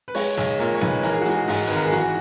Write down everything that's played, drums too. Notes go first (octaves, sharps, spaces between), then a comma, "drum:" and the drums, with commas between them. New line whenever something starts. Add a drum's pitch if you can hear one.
B4
G#3 C#5, drum: open hi-hat
B1, drum: hi-hat
A#2 A#4, drum: hi-hat
C#5
B1 B4, drum: snare B3
E3 A#4, drum: hi-hat
G#4
F#4
G#3 G#4, drum: hi-hat
G#2, drum: open hi-hat
G#1 B4, drum: hi-hat
A#4
G#4
E3 F#4, drum: hi-hat